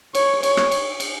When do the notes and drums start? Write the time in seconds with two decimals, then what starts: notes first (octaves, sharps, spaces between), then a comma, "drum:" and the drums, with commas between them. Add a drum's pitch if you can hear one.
0.15 C#5, drum: cymbal
0.43 C#5, drum: cymbal
0.57 drum: rim click
0.71 drum: cymbal
1.00 drum: cymbal